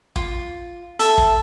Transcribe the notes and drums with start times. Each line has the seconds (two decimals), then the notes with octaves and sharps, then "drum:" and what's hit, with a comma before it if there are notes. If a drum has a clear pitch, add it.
0.16 F4, drum: kick
0.99 A4 E5 A5, drum: hi-hat
1.18 drum: kick